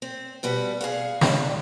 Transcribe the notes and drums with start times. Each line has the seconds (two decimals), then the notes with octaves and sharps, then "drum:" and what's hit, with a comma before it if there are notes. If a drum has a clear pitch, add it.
0.02 C4
0.43 B2 G3 B4 F#5
0.81 G#4 F5 F#5
1.21 C#4 D4 E4, drum: snare